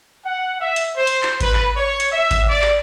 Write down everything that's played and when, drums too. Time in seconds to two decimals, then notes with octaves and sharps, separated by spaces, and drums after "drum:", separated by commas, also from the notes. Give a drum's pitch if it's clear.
0.25 F#5
0.61 E5
0.76 drum: hi-hat
0.97 C5
1.07 drum: hi-hat
1.23 drum: clap
1.40 B4, drum: kick G#1, hi-hat
1.54 drum: clap
1.76 C#5
2.00 drum: hi-hat
2.12 E5
2.31 drum: kick G#1, hi-hat
2.49 D5
2.62 drum: clap